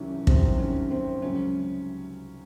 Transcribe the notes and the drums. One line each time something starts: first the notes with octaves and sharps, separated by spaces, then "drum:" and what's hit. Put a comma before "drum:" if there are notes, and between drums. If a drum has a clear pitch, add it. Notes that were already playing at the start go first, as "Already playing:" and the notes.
Already playing: C2 C3 D#3 E3 F#3 C#4
C2 C3 D#3 F#3 C4, drum: kick
C#4
C4
C#2 C#3 F#3 C#4